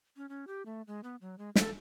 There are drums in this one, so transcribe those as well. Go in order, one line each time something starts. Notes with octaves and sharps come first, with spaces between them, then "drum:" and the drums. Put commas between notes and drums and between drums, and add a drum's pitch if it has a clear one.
C#4
C#4
G4
A3
G#3
B3
F#3
G#3
A4, drum: snare